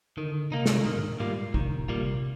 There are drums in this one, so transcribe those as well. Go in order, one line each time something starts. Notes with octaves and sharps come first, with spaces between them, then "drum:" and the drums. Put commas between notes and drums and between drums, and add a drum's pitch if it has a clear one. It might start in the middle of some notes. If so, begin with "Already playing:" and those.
D3 D#3
C3 A#3 D#4
drum: snare
A#2 D#3
G#2
A#2
G#2 G3 A#3 F4
C3 D#3, drum: kick
A#2
G3 A#3 F4
C3